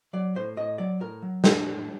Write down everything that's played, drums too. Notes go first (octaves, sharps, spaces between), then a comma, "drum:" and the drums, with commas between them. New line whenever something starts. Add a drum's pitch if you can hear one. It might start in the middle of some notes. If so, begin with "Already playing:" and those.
F#3 D5
A2 C5
A2 D#5
F#3 D5
A2 A#4
F#3
A2, drum: snare
A2